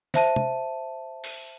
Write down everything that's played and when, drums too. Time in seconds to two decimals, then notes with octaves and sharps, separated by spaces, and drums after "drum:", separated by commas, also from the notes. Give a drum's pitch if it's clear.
0.14 C5 E5 A5 D#7, drum: snare
0.36 drum: tom
1.24 drum: open hi-hat